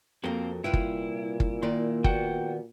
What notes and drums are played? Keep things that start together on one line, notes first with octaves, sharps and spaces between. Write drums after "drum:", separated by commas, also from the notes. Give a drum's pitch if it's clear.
F2 A#3 C4 F#4 A4 A#4
C2 A#2 E4 F4 B4 G5
drum: kick
drum: kick
D#3 A#3 D5 C6
B3 F#4 F#5 G5, drum: kick